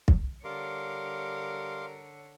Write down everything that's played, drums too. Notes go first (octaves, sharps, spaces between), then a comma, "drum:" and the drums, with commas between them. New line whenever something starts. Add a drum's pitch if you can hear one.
drum: kick
D3 G3 A#4 C#5 F5 C6 D6